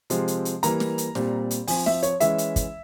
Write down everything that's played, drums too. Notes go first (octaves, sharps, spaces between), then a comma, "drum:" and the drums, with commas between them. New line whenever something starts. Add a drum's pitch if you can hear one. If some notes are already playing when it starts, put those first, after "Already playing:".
C3 F3 G#3 C4, drum: hi-hat
drum: hi-hat
drum: hi-hat
E3 G3 A#3 A#5, drum: hi-hat
drum: snare
drum: hi-hat
A#2 G3 C4, drum: snare
drum: hi-hat
F3 C4 G#5, drum: open hi-hat
E5, drum: snare
C#5, drum: hi-hat
E3 G#3 C#4 E5, drum: hi-hat
drum: hi-hat
drum: kick, hi-hat